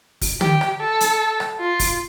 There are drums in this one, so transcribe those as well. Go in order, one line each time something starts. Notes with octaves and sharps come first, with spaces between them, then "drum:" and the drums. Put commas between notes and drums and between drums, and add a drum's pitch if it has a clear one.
drum: kick, open hi-hat
G4, drum: tom
drum: rim click
A4
drum: hi-hat
drum: rim click
F4
drum: kick, open hi-hat